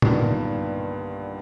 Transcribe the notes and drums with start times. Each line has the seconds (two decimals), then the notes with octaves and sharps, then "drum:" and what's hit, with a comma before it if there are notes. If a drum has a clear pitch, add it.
0.02 B1 G2 A#2 D3 D#3, drum: tom A#2